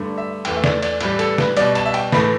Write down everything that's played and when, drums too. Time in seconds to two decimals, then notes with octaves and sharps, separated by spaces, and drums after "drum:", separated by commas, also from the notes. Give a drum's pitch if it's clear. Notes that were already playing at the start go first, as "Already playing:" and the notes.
Already playing: G2 D3 A3
0.18 E5
0.45 E2 E3 A3 G5, drum: cymbal
0.56 E5
0.64 D5, drum: snare
0.82 D5, drum: cymbal
1.01 A2 E3 G3 B4, drum: cymbal
1.19 A4, drum: cymbal
1.38 B4, drum: snare
1.57 B2 G3 D5, drum: cymbal
1.75 A5, drum: cymbal
1.86 E5
1.94 G5, drum: cymbal
2.12 A2 E3 A3 B5, drum: snare